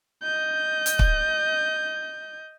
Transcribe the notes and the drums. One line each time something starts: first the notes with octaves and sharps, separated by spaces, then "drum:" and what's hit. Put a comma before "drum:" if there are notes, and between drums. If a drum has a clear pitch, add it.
D#5 G6
drum: hi-hat
drum: kick